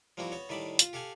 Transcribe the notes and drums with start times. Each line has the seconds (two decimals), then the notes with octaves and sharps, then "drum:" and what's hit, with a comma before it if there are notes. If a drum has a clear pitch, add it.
0.17 F3 G3 A#3 C4 E4 F#4
0.32 B3 F#4 C#5
0.49 A2 D#3 G3 D5 E5 B5
0.79 F4, drum: hi-hat
0.93 G4 A4 F5 F#5 G#5